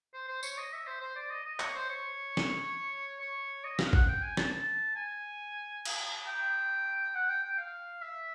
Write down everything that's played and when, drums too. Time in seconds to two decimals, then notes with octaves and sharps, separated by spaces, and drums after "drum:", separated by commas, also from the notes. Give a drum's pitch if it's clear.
0.14 C5
0.28 C5
0.43 C#5, drum: tambourine
0.58 D#5
0.73 E5
0.87 C5
1.01 C5
1.16 D5
1.31 D#5
1.45 D#5
1.60 C#5, drum: clap
1.75 C5
1.89 C#5
2.37 drum: snare
3.21 C#5
3.65 D#5
3.79 F5, drum: snare
3.93 F#5, drum: kick A1
4.08 G5
4.22 G#5
4.37 A5, drum: snare
4.51 A5
4.96 G#5
5.85 drum: cymbal
6.27 G5
7.15 F#5
7.29 G5
7.44 G5
7.58 F5
8.02 E5